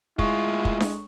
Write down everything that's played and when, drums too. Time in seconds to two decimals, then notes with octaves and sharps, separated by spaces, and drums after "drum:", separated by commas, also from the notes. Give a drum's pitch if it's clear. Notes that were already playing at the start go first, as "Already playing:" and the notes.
0.19 A2 G#3 E4 F4 C#6, drum: kick
0.65 drum: kick
0.80 drum: snare D4